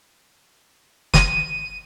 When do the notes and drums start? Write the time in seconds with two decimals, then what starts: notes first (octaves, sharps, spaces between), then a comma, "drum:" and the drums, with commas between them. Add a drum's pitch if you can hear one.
1.14 D#7, drum: snare